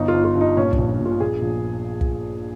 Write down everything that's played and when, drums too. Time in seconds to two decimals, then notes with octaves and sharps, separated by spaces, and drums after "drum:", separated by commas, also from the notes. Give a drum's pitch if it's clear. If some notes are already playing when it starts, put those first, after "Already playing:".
Already playing: G1 D#4
0.08 F4
0.14 G1
0.25 F4
0.35 G2
0.41 D#4
0.57 A#2 C#4
0.73 C#4, drum: kick
0.78 A#1
1.00 A#1
1.05 F4
1.20 A#1 G#4
1.42 A#1
2.01 drum: kick